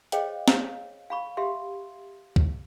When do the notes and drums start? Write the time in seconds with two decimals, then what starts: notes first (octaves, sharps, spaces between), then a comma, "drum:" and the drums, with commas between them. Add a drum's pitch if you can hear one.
0.12 G#4 C5 C#5 D#5 F5 G5, drum: hi-hat
0.48 C#5 F5, drum: snare
1.10 F5 B5 C#6
1.37 G4 E5 F5 C6
2.36 drum: kick